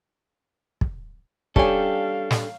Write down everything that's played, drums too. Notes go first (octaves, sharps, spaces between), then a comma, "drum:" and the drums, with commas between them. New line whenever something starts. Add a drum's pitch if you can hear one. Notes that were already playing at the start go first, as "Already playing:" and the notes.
drum: kick
G3 C#4 D4 G4 A4 F5 G#5, drum: kick
drum: snare